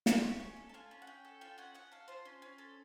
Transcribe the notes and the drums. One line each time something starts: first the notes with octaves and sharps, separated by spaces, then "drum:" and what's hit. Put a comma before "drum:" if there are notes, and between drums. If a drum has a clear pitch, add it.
F4 C#6, drum: snare
C6
C#4 C#6
C#4 G#5
A4
A5
F4 G#5
C#4
F#5
C#4 G5
A4
F4 G5
C#4 F#5
C#4 F#5
A4 F5
F4 C5
C#4
C#4
A4